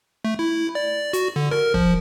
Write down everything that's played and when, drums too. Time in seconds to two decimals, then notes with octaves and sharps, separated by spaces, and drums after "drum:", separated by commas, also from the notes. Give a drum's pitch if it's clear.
0.25 A3
0.39 E4
0.75 D5
1.13 F#4, drum: hi-hat
1.36 D3
1.51 A#4, drum: rim click
1.74 F3, drum: kick